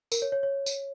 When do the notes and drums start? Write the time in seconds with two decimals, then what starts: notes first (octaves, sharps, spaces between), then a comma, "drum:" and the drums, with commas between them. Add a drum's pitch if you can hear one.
0.12 A#4, drum: tambourine
0.22 C#5
0.32 C#5
0.43 C#5
0.66 drum: tambourine